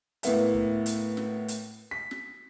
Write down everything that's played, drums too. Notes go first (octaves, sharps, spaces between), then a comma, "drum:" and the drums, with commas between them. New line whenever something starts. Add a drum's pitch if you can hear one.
A2 A#3 B3 E5, drum: hi-hat
drum: kick
drum: hi-hat
drum: snare
drum: hi-hat
B6
drum: snare